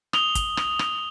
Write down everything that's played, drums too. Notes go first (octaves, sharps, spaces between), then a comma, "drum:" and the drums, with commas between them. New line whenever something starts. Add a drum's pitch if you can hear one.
D#6 F7 G7, drum: rim click
drum: kick, hi-hat
drum: rim click
drum: rim click